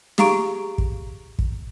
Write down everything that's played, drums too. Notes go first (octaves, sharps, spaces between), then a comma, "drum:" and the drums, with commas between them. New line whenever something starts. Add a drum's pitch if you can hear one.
G4 G#4 F5 A#5 C#6 D7, drum: snare
drum: kick
drum: kick